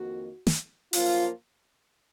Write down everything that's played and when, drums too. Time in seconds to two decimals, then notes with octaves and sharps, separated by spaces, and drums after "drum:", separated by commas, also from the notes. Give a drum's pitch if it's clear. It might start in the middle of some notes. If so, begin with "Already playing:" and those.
Already playing: F2 D#3 A#3 F#4
0.47 drum: snare
0.93 F#2 F3 A#3 F4, drum: open hi-hat